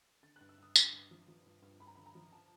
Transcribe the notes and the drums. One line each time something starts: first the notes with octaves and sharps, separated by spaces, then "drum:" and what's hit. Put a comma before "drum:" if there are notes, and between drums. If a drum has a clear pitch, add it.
D3 A6
F#6
G2
E6
G2 D#6
D3 D6, drum: tambourine
G2
F3
F3
G2
G2
G2 B5
A#5
D3 B5
A#5
F3
A5